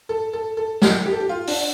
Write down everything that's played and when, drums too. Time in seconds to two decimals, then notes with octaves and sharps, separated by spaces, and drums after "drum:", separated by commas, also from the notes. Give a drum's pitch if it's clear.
0.09 A4
0.33 A4
0.57 A4
0.82 G4, drum: snare
1.06 G4
1.13 A4
1.20 G4
1.29 F4
1.47 D4, drum: open hi-hat